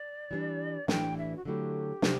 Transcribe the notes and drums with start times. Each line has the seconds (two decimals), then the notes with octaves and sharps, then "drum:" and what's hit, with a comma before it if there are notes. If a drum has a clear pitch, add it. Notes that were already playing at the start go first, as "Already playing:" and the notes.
Already playing: D5
0.31 E3 G3 B3 D4
0.88 A2 E3 G3 D4 G5, drum: snare
1.17 E5
1.35 F#4
1.45 D3 F#3 A3 E4 G4
2.02 C3 G3 C4, drum: snare